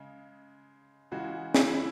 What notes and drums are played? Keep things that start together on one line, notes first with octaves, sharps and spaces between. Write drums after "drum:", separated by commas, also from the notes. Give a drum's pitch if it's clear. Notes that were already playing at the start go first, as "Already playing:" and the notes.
Already playing: C#3 G#3
C#3 E3 G#3 F#4
E4, drum: snare
E4